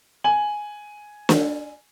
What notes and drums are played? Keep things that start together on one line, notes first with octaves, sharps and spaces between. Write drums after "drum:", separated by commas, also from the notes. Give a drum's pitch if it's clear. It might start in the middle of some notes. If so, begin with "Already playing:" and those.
G#5 F#7
drum: snare